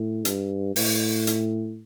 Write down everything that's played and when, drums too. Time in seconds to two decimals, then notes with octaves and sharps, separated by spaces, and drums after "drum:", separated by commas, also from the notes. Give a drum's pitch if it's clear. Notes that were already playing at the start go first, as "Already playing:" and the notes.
Already playing: A2
0.25 G2, drum: hi-hat
0.76 A2, drum: open hi-hat
1.27 drum: hi-hat